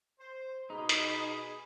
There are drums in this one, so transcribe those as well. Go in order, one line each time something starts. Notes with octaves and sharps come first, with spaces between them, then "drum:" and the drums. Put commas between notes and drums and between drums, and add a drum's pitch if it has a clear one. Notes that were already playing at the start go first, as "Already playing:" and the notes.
C5
B2 D#4 G#4 B5
drum: hi-hat